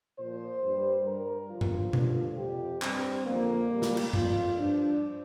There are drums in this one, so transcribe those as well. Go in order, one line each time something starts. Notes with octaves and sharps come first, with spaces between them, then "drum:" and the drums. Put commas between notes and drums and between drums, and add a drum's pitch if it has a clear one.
A#2 F3 C5
G2 G3
G2 G3 A#4
G2 D3 F3 F4
drum: tom G2
G2 D3 F3, drum: tom B2
F2 C3 F3 G4
G2 G3 C4, drum: clap
F2 D3 F3 A#3
A#2 G3
drum: snare
drum: cymbal
F2 F3 F4, drum: tom G2
G2 F3 D4